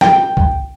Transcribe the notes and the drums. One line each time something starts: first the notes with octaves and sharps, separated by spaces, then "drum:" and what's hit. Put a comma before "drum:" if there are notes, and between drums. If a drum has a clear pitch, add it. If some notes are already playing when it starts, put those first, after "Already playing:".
G5, drum: snare
drum: kick C2